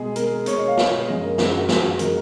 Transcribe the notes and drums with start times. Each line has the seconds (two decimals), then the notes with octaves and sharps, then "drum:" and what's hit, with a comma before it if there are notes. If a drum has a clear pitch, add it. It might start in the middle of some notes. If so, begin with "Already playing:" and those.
Already playing: B2 G#3 G#4
0.16 B2 G#3 A#4, drum: hi-hat
0.46 B2 G#3 C#5, drum: hi-hat
0.58 D#5
0.68 F5
0.77 B2 G#3, drum: snare
1.08 F#2 F3 G#3 D#5
1.23 A#4
1.38 F#2 F3 G#3 G#4, drum: snare
1.54 F#4
1.68 F#2 F3 G#3, drum: snare
1.99 F3 G#3 A#4, drum: hi-hat